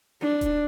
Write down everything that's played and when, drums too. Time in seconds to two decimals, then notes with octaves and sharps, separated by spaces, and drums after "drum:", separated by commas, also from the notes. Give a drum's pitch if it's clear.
0.21 D4
0.41 drum: kick D#1, hi-hat